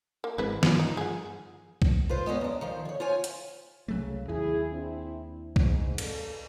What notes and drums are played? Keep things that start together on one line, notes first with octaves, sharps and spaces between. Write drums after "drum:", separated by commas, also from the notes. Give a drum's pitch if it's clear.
A#3
G#1 G#3 C4 E4 B4
G2 F3 C#4 C#5, drum: snare
D#4
G#4 F#5
drum: kick C2
F4 B4 C5
G#3 B3 C#4 D#5
F#2 D4
D#3 F3 C5
D3 C#5
F4 C5 C#5 G#5
drum: hi-hat
C2 C#3 F#3 A3
D#2 E4 G#4
C4 D4 E4
G#2, drum: kick C2
C4 A4, drum: cymbal